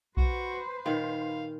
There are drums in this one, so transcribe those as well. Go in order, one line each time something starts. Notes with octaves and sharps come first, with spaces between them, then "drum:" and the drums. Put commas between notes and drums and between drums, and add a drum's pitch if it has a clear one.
F#4 B4 C5, drum: kick B1
A#2 D#3 F5